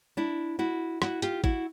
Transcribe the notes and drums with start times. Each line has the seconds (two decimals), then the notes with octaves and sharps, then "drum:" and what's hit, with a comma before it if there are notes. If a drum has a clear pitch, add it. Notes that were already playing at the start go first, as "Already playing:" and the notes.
0.17 D4 E4
0.59 E4 F#4
1.02 E4 F#4, drum: rim click
1.22 F4 G4, drum: hi-hat
1.44 E4 F#4, drum: kick